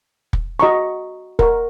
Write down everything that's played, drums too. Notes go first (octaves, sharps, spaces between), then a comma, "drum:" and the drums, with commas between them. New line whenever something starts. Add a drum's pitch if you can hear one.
drum: kick
F#4 D#5 A#5 C#6
A#4 F#5 C#6, drum: kick